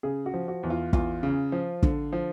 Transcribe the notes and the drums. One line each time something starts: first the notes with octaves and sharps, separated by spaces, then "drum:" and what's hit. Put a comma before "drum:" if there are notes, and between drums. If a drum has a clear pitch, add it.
C#3 G#4
F#4
F3
F#4
E2
F4
E2 F4, drum: kick
C#3
F3
D3, drum: kick
F3